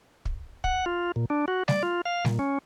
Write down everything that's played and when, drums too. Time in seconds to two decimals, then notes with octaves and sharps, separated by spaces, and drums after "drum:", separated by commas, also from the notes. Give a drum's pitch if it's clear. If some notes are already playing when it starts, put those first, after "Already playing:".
0.25 drum: kick
0.64 F#5, drum: kick
0.86 F4
1.16 A#2
1.30 D4
1.48 F#4
1.68 D5, drum: snare G3
1.83 F4
2.05 F5
2.25 A#2, drum: snare G3
2.39 C#4